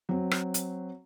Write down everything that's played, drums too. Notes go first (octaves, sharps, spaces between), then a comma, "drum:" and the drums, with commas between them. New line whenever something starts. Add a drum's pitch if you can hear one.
F#3 C4
drum: rim click
drum: hi-hat